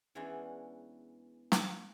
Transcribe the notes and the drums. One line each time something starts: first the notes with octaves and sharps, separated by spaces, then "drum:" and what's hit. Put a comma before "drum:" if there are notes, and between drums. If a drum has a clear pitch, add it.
E2 E3 G#3 C#4 D4
drum: snare